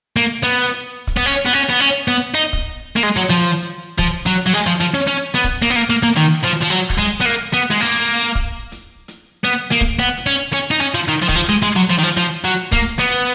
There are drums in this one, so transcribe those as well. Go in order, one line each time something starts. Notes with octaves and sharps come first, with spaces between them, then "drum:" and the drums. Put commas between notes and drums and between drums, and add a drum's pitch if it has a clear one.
A#3
B3
drum: hi-hat
drum: kick, hi-hat
B3
C#4
B3, drum: hi-hat
C#4
B3
C#4, drum: hi-hat
B3
D#4
drum: kick, hi-hat
A#3
G#3
F#3
F3
drum: hi-hat
F3, drum: kick, hi-hat
F#3
F#3
G#3
F3
F3
C#4
C#4, drum: hi-hat
B3
drum: kick, hi-hat
A#3
B3
A#3
A#3
A#3
D#3, drum: hi-hat
F3
drum: hi-hat
F3
F#3
drum: kick, hi-hat
G#3
B3
A#3, drum: hi-hat
B3
G#3
A#3
drum: hi-hat
drum: kick, hi-hat
drum: hi-hat
drum: hi-hat
B3, drum: hi-hat
A#3
drum: kick, hi-hat
B3
drum: hi-hat
C#4
C#4, drum: hi-hat
D#4
C#4
F3
D#3
F3
D#3, drum: kick, hi-hat
F3
G#3
G#3, drum: hi-hat
F#3
F3
D#3, drum: hi-hat
F3
F3
F#3
A#3, drum: kick, hi-hat
B3
drum: hi-hat